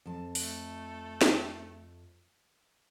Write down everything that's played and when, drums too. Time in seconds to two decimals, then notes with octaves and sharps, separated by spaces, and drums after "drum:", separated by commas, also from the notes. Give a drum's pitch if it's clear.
0.05 F2 A5
0.35 A3, drum: open hi-hat
1.21 drum: snare